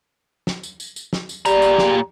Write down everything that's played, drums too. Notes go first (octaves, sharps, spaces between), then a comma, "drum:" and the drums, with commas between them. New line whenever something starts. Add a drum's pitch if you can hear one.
drum: snare
drum: tambourine
drum: tambourine
drum: tambourine
drum: snare
drum: tambourine
A#2 G3 G#4 A#5, drum: tambourine
drum: tambourine
drum: snare